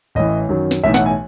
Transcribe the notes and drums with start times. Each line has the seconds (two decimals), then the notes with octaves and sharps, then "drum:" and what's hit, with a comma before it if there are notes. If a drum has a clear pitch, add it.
0.15 A1 A2 E3 D#5
0.49 F#2 D#3 F#3
0.71 drum: snare
0.84 B1 A2 E3 A3 D#4 E5
0.94 F#5, drum: snare
1.06 G#5